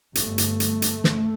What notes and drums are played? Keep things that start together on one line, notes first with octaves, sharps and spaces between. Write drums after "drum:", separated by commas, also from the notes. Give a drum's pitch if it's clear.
G1 G2 A3, drum: hi-hat
drum: hi-hat
drum: hi-hat
drum: hi-hat
drum: snare